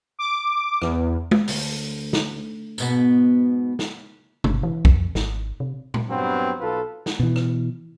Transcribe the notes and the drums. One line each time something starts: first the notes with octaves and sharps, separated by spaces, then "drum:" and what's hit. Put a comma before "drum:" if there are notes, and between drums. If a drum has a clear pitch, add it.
D6
E2, drum: rim click
drum: tom G#3
D2, drum: open hi-hat
drum: snare
G#2 B2 B3, drum: tambourine
drum: snare
G1, drum: tom
E3
F2, drum: kick B1
G#1, drum: snare
C3
drum: tom A#2
G2 F#3 B3 C4
B1 F4 A4 B4
drum: snare
B2 E3
drum: rim click